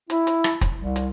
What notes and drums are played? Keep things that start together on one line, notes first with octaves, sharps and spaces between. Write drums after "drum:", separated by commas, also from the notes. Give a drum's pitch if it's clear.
E4, drum: hi-hat
drum: hi-hat
drum: rim click
drum: kick, hi-hat
C2
drum: hi-hat